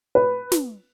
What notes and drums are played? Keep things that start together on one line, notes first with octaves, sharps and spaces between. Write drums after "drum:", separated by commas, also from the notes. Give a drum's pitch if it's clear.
B4
drum: snare